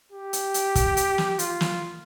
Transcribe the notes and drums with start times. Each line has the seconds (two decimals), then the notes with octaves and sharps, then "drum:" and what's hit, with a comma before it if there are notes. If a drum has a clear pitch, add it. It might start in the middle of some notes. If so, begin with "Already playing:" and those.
0.12 G4
0.33 drum: hi-hat
0.54 drum: hi-hat
0.75 drum: kick, hi-hat
0.97 drum: hi-hat
1.18 drum: snare
1.39 F4, drum: hi-hat
1.61 drum: snare